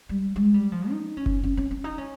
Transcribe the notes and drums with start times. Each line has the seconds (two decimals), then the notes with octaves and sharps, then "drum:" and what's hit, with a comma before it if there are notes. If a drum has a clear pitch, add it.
0.09 G3
0.36 G#3
0.54 G3
0.72 F3
0.90 D#4
1.17 C#4
1.26 drum: kick F#1
1.44 C#4
1.57 C#4
1.71 C#4
1.84 D#4
1.98 C#4